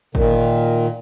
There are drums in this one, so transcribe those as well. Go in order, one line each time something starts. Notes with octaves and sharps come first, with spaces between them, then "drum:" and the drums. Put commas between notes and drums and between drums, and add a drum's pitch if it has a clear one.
A#2 D#3, drum: kick